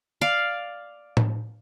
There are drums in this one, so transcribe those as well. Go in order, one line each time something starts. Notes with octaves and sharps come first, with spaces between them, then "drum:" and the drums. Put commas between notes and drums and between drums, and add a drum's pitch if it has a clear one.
D5 F5
drum: tom A2